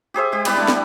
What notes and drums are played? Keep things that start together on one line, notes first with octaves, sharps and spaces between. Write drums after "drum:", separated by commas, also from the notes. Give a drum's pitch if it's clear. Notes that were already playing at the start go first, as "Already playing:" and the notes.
G4 G#4 C5 E5
G#3 G4
G3 B3 E4 D5, drum: cymbal
D3 G3 A3
drum: snare